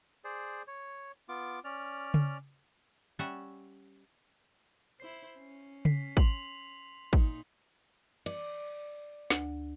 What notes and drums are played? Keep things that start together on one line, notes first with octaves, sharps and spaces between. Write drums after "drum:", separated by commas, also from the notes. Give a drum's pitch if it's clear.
G#4 C5 D5
C#5
B3 F4 D6
C#4 D5 F6
drum: tom C#3
G3 C#4 E5 F#5
E4 C5 C7
C#4
B6 C7, drum: tom C#3
C6 F7 F#7, drum: kick
A#2 D#4, drum: kick
D5, drum: cymbal
D2, drum: snare